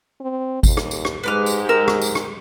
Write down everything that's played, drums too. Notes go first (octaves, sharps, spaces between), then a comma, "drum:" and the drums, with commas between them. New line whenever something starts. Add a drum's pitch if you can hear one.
C4
D#2, drum: kick G#1, tambourine
drum: rim click
drum: tambourine
drum: rim click
G#2 G#3 G4 B4 D6 F6
drum: tambourine
A#4 E6
drum: rim click
drum: tambourine
drum: rim click